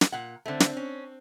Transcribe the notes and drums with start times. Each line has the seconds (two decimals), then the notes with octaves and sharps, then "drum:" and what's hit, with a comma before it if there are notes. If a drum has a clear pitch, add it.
0.01 drum: snare
0.12 A#2 F#5
0.46 D3 A3 C4
0.60 drum: snare
0.77 C#4